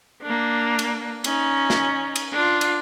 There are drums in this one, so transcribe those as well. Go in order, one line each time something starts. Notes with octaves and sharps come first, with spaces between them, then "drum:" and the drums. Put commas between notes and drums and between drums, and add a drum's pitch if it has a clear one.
A#3 D4
drum: cymbal
C#4 D#4, drum: cymbal
drum: snare
drum: cymbal
D4 F4
drum: cymbal